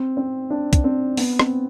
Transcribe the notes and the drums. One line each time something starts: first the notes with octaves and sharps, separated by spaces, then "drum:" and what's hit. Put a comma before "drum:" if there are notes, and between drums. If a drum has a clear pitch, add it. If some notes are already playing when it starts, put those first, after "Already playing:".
Already playing: C4
C4
D4
drum: kick, hi-hat
C4
B3, drum: open hi-hat
C4, drum: rim click